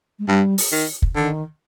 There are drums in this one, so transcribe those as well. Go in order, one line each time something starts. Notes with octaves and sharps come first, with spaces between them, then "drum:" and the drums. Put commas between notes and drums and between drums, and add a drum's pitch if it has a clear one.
G#3
G2 G3
drum: open hi-hat
D#3
drum: kick
D3 D#3